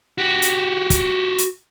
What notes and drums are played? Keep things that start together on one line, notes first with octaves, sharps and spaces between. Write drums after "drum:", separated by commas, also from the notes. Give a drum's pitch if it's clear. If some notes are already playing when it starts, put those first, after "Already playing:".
F#4 G4
drum: hi-hat
drum: kick, hi-hat
drum: hi-hat